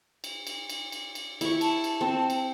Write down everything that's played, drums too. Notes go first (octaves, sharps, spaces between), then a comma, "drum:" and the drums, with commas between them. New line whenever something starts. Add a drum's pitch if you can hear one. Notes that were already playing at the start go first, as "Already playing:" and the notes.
drum: cymbal
drum: cymbal
drum: cymbal
drum: cymbal
drum: cymbal
E4 C#6, drum: cymbal
A5, drum: cymbal
drum: cymbal
C4
drum: cymbal